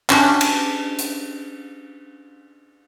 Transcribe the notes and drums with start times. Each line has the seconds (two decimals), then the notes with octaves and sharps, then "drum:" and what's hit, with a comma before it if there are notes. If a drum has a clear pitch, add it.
0.10 C#4 D4 F#4 G4, drum: clap
0.41 drum: cymbal
0.99 drum: hi-hat